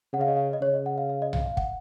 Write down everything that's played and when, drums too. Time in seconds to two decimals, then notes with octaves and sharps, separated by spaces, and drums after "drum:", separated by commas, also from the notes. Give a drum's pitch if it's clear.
0.13 C#3 F#5
0.21 F5
0.28 D#5
0.37 F5
0.53 D#5
0.62 C#3 C#5
0.74 D#5
0.86 F#5
0.98 F5
1.10 F5
1.22 D#5
1.33 F5, drum: tom B1
1.46 F5
1.57 F#5, drum: kick